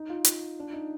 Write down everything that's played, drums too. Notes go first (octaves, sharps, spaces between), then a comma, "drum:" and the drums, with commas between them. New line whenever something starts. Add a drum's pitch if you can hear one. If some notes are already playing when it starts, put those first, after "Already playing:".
Already playing: D#4
F4
F4, drum: hi-hat
D4
D#4